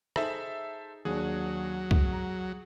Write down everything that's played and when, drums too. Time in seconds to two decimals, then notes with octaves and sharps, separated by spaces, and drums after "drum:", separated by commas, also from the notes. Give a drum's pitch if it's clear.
0.16 D#4 G#4 A4 C5 E5, drum: rim click
1.05 D#2 F#3 D4 G#4
1.91 drum: kick
2.12 A#5